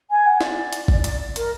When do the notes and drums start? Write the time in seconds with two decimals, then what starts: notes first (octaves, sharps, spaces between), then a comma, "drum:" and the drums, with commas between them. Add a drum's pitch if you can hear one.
0.10 G#5
0.26 F#5
0.41 D5, drum: snare
0.73 drum: hi-hat
0.88 drum: kick G#1
1.04 drum: hi-hat
1.36 A#4, drum: hi-hat